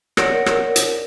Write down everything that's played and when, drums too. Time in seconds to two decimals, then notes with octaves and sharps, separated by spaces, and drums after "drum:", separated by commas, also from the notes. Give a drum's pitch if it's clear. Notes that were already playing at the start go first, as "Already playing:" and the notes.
0.17 A#4 C#5 D5 F#5, drum: rim click
0.46 drum: rim click
0.76 drum: hi-hat